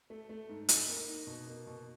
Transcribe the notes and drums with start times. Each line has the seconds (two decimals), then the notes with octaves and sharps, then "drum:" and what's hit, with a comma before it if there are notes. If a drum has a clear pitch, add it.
0.10 A3
0.29 A3
0.49 G#2
0.69 D#4, drum: hi-hat
0.89 A#3
1.08 D#4
1.27 B2
1.47 A#3
1.67 B2